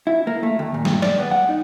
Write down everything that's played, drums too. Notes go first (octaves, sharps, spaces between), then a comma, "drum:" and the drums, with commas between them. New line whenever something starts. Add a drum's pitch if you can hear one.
E4
A#3
A3
D#2
A#2
G2, drum: snare
D5, drum: snare
B3
F#5
D#4